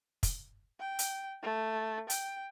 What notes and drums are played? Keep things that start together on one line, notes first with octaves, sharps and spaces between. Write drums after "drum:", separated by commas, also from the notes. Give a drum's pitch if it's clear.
drum: kick, hi-hat
G5
drum: hi-hat
A3
G5, drum: hi-hat